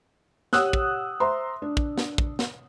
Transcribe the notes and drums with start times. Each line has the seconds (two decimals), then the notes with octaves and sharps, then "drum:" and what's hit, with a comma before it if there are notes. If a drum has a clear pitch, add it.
0.53 G4 C#5 F#5 D#6 E6 F#6, drum: snare
0.73 drum: kick
1.20 C5 E5 A#5 C6
1.62 D4
1.77 drum: kick
1.98 drum: snare
2.18 drum: kick
2.39 drum: snare